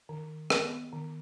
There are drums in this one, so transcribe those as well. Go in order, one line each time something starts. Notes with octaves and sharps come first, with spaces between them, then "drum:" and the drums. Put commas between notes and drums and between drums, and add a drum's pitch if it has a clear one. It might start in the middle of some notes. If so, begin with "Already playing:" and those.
D#3
B3, drum: rim click
D#3